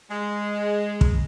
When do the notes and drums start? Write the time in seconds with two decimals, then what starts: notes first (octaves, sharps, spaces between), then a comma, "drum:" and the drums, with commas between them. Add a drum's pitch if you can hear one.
0.10 G#3
1.01 drum: kick